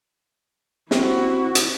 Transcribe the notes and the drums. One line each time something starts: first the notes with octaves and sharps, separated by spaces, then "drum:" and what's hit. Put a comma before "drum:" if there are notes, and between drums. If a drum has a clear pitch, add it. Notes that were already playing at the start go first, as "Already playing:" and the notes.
C4 E4 F#4 G4 C5, drum: snare
drum: hi-hat